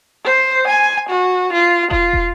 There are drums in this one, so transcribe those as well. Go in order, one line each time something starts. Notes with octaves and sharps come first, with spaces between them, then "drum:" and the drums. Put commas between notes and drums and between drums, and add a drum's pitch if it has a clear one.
C5
G#5
F#4
F4
F4, drum: kick
drum: kick